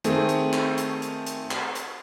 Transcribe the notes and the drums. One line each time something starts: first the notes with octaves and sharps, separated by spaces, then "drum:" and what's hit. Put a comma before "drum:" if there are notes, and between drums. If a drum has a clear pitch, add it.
D#3 A3 C4 G#4, drum: hi-hat
drum: hi-hat
drum: clap
drum: hi-hat
drum: hi-hat
drum: hi-hat
drum: clap
drum: hi-hat